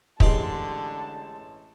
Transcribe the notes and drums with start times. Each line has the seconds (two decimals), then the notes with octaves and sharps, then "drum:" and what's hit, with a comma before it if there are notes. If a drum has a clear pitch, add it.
0.20 A1 D3 G#3 G4 G#4 A5 C6, drum: kick